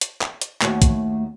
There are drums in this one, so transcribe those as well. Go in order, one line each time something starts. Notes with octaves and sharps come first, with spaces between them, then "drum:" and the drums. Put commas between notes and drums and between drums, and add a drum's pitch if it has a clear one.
drum: hi-hat
drum: clap
drum: hi-hat
D#2 A3 C#4 F#4, drum: clap
drum: kick, hi-hat